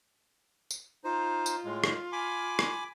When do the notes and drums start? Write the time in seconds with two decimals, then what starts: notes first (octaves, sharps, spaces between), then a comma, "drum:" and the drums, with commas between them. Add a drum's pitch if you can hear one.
0.71 drum: tambourine
1.04 D#4 F4 C5
1.46 drum: tambourine
1.65 A2 G#3
1.84 drum: rim click
2.12 G#5 B5 D6
2.59 drum: rim click